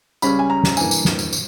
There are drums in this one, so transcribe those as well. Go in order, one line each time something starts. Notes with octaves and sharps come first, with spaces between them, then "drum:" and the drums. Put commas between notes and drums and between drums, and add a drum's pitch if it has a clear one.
C#2 C#3 G3 C#4 B5, drum: tambourine
G#5
A#5
drum: snare
G2 E3 A#3 G#5, drum: tambourine
drum: tambourine
drum: snare
drum: tambourine
drum: tambourine